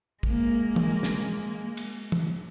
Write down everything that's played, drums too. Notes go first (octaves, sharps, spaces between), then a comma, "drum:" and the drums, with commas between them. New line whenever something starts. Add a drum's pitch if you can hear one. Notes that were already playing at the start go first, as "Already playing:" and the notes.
G#3 A#3, drum: kick
drum: tom
drum: snare
drum: cymbal
drum: tom